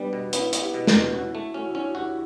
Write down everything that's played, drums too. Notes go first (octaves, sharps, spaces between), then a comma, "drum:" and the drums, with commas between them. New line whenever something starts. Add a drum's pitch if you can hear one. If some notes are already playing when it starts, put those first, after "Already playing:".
Already playing: G3 B3 D4
B2
B3 C#4 E4, drum: hi-hat
B3, drum: hi-hat
E4 G4
B2
D4 F#4, drum: snare
B2
C#4 E4 F#4
A3
C#4 F#4
E4
C#4 D4 F#4
E4 F#4 G4